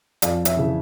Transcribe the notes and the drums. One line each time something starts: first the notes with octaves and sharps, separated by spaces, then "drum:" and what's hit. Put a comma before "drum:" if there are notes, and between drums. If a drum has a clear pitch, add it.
F2 D5 F5, drum: hi-hat
C#5 E5, drum: hi-hat
C#3 E3